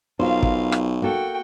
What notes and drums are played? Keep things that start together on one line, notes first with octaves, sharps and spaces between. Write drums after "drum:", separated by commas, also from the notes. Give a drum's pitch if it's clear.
B1 F4 A#4 C5 F5
drum: kick
drum: rim click
A#3 F#4 A4 G5